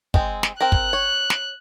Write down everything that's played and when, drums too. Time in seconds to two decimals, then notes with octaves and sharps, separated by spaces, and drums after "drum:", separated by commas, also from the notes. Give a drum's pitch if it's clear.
0.14 G#3 C4, drum: kick
0.43 drum: snare
0.61 C4 A#4 F#6
0.72 drum: kick
0.93 C#5
1.30 drum: snare